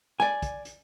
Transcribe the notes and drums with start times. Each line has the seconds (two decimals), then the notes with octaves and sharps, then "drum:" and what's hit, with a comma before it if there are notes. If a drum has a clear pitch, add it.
0.20 D5 G#5, drum: snare
0.42 drum: kick, hi-hat
0.65 drum: hi-hat